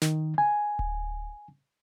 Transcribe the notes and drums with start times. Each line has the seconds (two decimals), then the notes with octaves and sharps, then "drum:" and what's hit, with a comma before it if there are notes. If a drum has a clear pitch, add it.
0.02 D#3, drum: snare
0.38 G#5
0.79 drum: kick D1